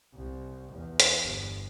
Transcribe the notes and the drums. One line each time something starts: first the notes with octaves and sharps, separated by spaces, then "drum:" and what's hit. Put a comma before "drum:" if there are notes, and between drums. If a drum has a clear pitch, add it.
C2
E2
drum: hi-hat
G1